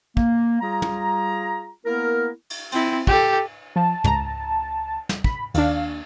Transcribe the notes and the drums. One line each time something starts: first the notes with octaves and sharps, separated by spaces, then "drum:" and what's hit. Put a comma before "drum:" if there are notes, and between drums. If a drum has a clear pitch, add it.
A#3, drum: kick
G3 F4 G#4 A#5
drum: tom
A#3 B3 E4 A#4
drum: cymbal
C4 E4, drum: cymbal
G4 A4, drum: kick
F3 A5
C#2 A#5, drum: tom
drum: snare
B5, drum: kick
D#2 D4 F5, drum: cymbal